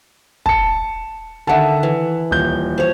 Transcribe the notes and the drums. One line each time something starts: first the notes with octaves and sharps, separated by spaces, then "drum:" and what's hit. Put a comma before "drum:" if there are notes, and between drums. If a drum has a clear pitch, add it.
A5 C#7, drum: kick
D3 D#3 E5 F#5 A5
E3
D#1 G6
F3 C#5